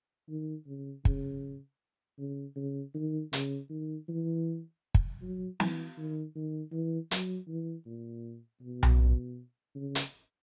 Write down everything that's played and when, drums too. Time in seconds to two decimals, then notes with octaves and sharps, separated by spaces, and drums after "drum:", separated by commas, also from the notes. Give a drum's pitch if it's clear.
0.29 D#3
0.67 C#3
1.05 C#3, drum: kick
2.19 C#3
2.56 C#3
2.94 D#3
3.33 C#3, drum: hi-hat
3.70 D#3
4.08 E3
4.94 drum: kick
5.22 F#3
5.60 E3, drum: snare
5.98 D#3
6.36 D#3
6.72 E3
7.11 F#3, drum: hi-hat
7.48 E3
7.86 A#2
8.62 B2
8.83 drum: tom B1
9.75 C#3
9.95 drum: hi-hat